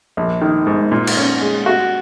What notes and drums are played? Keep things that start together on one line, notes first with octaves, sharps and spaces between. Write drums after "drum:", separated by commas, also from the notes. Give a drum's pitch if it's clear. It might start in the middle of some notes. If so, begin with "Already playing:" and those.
A#1
D#3
G#2
A#2
drum: cymbal
C#4
G#3
F#4